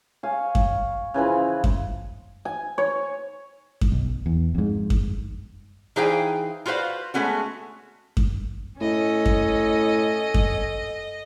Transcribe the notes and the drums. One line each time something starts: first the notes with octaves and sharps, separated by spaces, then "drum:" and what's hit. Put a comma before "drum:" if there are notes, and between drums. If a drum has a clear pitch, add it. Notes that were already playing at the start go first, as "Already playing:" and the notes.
C#5 F5 G#5
drum: kick F#2
C#3 E3 F3 B4
drum: kick F#2
G#5
C#5
drum: kick F#2
B1
E2
F2 G#2
drum: kick F#2
E3 D#4 G#4 C5 F5 G5
F4 F#4 B4 C5 F5
G#3 A3 B3 C#4 F#4
drum: kick F#2
A2 C#4 A4 D#5
drum: kick F#2
drum: kick F#2